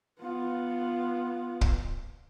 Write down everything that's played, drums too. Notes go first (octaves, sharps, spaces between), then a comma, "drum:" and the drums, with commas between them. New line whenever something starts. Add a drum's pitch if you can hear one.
B3 F4
drum: kick